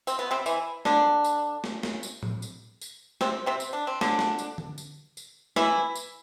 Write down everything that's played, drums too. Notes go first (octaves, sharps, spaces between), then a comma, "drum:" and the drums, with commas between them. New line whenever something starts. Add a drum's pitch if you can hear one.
C4, drum: tambourine
B3
C3 C4
E3 E4, drum: tambourine
D3 D4, drum: snare
drum: tambourine
drum: snare
drum: snare
drum: tambourine
drum: tom A2
drum: tambourine
drum: tambourine
C3 C4, drum: snare
C3 C4
drum: tambourine
D4
C4
D3 D4, drum: snare
drum: snare
drum: tambourine
drum: tom D3
drum: tambourine
drum: tambourine
E3 E4, drum: snare
drum: tambourine